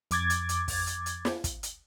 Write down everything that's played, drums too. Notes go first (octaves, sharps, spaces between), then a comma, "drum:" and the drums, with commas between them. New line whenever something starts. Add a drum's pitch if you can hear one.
F2 D6 G#6 A6, drum: hi-hat
drum: hi-hat
drum: hi-hat
drum: kick, open hi-hat
drum: hi-hat
drum: hi-hat
drum: snare
drum: kick, hi-hat
drum: hi-hat